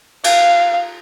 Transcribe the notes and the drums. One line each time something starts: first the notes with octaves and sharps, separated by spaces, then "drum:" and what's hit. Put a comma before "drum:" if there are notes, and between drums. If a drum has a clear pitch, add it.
F5, drum: cymbal